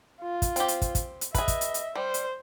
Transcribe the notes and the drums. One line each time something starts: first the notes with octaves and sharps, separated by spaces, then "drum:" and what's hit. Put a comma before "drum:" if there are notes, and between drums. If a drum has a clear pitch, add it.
F4
drum: kick, hi-hat
C4 G4, drum: hi-hat
drum: hi-hat
drum: kick, hi-hat
drum: kick, hi-hat
drum: hi-hat
G#4 B4 D#5 E5, drum: kick, hi-hat
drum: kick, hi-hat
drum: hi-hat
drum: hi-hat
G3 C5
drum: hi-hat